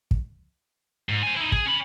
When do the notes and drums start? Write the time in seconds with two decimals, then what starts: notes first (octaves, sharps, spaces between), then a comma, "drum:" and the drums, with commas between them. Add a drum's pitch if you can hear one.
0.11 drum: kick
1.09 G#2
1.23 C5 G#5
1.36 D#4 E4
1.52 G#4, drum: kick
1.66 C#4 B5